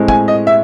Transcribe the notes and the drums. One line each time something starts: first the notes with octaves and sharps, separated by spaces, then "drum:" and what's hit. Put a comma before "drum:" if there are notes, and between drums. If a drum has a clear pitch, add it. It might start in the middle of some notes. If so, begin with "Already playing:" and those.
Already playing: A2 G#3 C4
G#5, drum: kick
D#5
E5